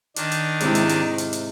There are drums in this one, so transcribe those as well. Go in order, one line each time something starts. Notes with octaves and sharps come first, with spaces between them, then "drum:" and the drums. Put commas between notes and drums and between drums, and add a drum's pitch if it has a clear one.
D#3 D4, drum: hi-hat
drum: hi-hat
G#2 C3 E4, drum: hi-hat
drum: hi-hat
drum: hi-hat
drum: hi-hat
drum: hi-hat